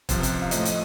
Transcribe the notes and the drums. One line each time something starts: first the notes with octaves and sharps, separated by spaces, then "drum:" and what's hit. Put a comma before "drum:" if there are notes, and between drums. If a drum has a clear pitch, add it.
C#2 C3 F3 C5, drum: kick, hi-hat
drum: hi-hat
F5
A2 F3 A3 D#5, drum: hi-hat
drum: hi-hat